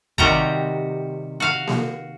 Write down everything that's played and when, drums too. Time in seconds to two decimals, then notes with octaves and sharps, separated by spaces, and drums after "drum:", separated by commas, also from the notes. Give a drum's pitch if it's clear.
0.18 C3 D#3 G3 F#4 G4 A#5, drum: kick
1.40 F#4 F5
1.67 drum: snare A#3